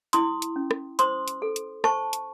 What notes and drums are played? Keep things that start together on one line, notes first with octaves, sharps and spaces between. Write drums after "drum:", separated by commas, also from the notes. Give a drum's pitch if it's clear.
E4 C6 D#6, drum: hi-hat
drum: hi-hat
C#4
drum: rim click
C5 C6 D#6, drum: hi-hat
drum: hi-hat
A4
drum: hi-hat
C5 A5 C#6, drum: rim click
drum: hi-hat